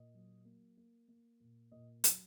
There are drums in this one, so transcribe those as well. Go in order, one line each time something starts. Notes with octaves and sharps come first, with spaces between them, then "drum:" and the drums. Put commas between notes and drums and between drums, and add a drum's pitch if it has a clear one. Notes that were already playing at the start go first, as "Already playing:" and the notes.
Already playing: A#2 D#5
F#3
A#3
A#3
A#3
A#2
A#2 D#5
F#3, drum: hi-hat